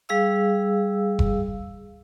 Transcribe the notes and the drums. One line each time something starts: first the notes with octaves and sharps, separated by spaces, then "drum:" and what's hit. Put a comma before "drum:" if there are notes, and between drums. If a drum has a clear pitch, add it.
G3 G#4 F5 E6
drum: kick F1